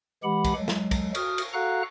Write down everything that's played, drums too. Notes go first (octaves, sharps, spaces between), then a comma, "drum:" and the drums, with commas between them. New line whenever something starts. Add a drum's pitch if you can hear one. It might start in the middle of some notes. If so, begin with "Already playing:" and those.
E3 G#3 G4 F#5 B5
drum: kick, cymbal
F#3 G#3
drum: snare
drum: kick, cymbal
F#4 D#6 F6, drum: cymbal
drum: cymbal
F#4 A4 F5 F#5 A#5 F#6